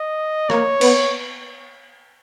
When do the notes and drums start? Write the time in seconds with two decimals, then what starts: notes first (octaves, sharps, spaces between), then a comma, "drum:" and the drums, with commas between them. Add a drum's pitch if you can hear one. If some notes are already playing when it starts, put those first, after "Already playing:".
Already playing: D#5
0.50 A#3 C#5, drum: rim click
0.81 B3, drum: cymbal